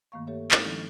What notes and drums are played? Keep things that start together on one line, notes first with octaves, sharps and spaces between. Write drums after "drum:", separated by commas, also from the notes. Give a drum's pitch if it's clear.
G2 D#3 A3 A#3 F5 C#6
G4 A4 C#5 E5
G#3 C4 D#4 E4 A4 F5, drum: clap
D#3 F3 C#4